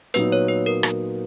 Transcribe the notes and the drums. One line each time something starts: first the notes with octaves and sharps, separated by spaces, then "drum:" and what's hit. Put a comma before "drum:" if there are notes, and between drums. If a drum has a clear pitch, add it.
A#2 F#3 B3 D#4 B4, drum: hi-hat
C#5
B4
A#4
drum: rim click